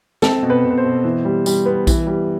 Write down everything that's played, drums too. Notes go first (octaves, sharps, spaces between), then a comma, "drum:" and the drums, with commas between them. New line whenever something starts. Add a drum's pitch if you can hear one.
C4 A4, drum: snare
B2
B4
B2
B4
C5
B2
E3
G3
G3, drum: tambourine
B3
E3, drum: kick A#1, tambourine
G3